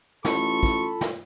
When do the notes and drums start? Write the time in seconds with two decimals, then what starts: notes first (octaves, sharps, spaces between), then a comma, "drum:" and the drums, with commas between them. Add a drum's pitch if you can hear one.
0.25 A1 F4 A4 B5 C#6, drum: snare
0.63 drum: kick, hi-hat
1.01 drum: snare